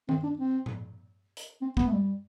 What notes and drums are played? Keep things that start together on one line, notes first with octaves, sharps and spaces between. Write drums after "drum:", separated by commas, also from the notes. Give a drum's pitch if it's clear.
C4, drum: tom D#3
D4
C4
drum: tom A2
drum: hi-hat
C4
B3, drum: kick
A3
G3